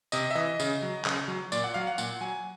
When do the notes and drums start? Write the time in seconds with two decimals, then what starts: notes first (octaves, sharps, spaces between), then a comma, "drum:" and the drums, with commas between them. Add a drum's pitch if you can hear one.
0.12 C3 D#5, drum: tambourine
0.31 E5
0.35 E3 D#5
0.60 C#3, drum: tambourine
0.82 F#3
1.05 C#3, drum: clap
1.28 F#3
1.52 A#2 D5, drum: tambourine
1.64 F#5
1.74 F#3 F5
1.87 F#5
1.98 A#2 F#5, drum: tambourine
2.21 F#3 G#5